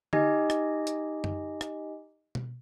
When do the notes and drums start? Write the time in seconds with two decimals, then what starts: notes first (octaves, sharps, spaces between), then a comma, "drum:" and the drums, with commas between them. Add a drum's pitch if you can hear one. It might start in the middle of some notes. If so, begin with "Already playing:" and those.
0.13 D#4 G4 D#5 G#5, drum: tom D3
0.50 drum: rim click
0.87 drum: hi-hat
1.24 drum: tom F#2
1.61 drum: rim click
2.35 drum: tom B2